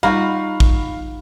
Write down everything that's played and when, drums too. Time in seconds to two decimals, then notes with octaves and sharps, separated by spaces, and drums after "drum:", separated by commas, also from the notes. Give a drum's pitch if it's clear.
0.03 G3 A#3 D#4 F4 F#4 F5 B5
0.60 drum: kick